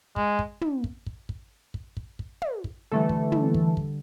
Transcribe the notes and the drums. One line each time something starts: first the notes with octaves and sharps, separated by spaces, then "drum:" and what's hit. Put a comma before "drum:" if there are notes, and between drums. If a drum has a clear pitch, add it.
G#3, drum: kick
drum: kick
drum: tom
drum: kick
drum: kick
drum: kick
drum: kick
drum: kick
drum: kick
drum: tom
drum: kick
D3 E3 G3 A3 A4
drum: kick
drum: tom
drum: kick
drum: kick